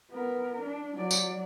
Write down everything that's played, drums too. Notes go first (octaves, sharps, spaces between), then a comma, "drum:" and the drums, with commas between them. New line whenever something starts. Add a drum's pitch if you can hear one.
B3 A#4
D4
F#3 D5
drum: tambourine